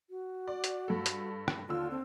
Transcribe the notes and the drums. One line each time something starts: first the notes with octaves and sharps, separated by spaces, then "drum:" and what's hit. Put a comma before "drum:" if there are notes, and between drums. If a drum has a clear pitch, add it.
F#4
D5
drum: hi-hat
G2 A4
drum: hi-hat
drum: rim click
D#2 D3 F4 E6
C4